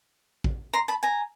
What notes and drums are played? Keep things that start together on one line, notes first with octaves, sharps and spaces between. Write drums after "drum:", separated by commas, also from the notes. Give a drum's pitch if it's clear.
drum: kick
A#5 C6
A5 B5
G#5 A#5